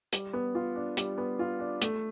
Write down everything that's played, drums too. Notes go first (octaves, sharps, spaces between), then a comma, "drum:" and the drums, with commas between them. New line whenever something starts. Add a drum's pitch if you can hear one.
G3, drum: hi-hat
B3
F4
D4
G3, drum: hi-hat
B3
F4
D4
A3, drum: hi-hat